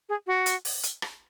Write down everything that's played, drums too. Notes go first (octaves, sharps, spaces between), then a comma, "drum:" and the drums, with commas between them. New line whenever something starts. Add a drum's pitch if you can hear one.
G#4
F#4
drum: hi-hat
drum: open hi-hat
drum: hi-hat
drum: rim click